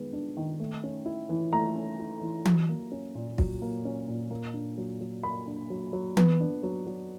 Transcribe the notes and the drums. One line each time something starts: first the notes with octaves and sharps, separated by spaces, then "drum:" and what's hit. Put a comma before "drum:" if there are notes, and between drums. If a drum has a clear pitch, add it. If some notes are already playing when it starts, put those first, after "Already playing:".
Already playing: D#3 G#3 B3
D4
D#3
A3
C#4
E4
E3
A3 A#5
C#4
E4
E3
F#3, drum: tom E3
A#3
C#4
A#2
F#3, drum: kick
A#3
C#4
A#2
A#3
D4
F#3
F#3
A#3 B5
D4
F#3
F#3
B3, drum: tom E3
D4
F#3
F#3